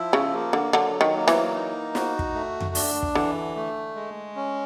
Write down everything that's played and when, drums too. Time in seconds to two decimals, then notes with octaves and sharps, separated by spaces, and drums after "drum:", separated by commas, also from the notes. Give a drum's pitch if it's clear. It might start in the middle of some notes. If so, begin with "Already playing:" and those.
Already playing: F3 E4
0.13 C#3
0.33 A#3
0.53 D3
0.73 D3 F#3
1.01 D#3
1.14 A#3
1.28 E3, drum: snare
1.55 D#4
1.95 F#4, drum: snare
2.19 drum: kick
2.34 A3
2.60 drum: tom F2
2.75 D4, drum: open hi-hat
3.03 drum: kick
3.15 D3 E3
3.56 A3
3.95 G#3
4.36 C#4